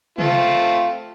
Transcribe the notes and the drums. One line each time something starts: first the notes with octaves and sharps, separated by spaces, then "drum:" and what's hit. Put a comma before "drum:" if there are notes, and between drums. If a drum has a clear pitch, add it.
A3 C4 F4, drum: tom